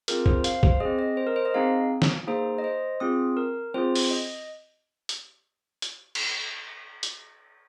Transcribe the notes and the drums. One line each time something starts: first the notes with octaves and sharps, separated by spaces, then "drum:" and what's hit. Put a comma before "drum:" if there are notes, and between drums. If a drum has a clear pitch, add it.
C4 F4 G#4 A#4, drum: hi-hat
C5, drum: kick
F5, drum: hi-hat
C5, drum: kick
C4 G#4 D#5
D#5
C5
A#4
C5
D#5
C4 D#4 G#4 F5
drum: snare
A#3 D#4 G#4 C5
D#5
C5
C4 F4 G#4 D#6
A#4
C4 F4 G#4 C5
drum: open hi-hat
D#5
drum: hi-hat
drum: hi-hat
drum: cymbal
drum: hi-hat